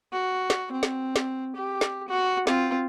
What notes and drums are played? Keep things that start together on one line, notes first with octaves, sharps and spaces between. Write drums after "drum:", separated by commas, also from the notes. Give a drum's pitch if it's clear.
F#4
drum: snare
C4
drum: snare
drum: snare
G4
drum: snare
F#4
C4 F4, drum: snare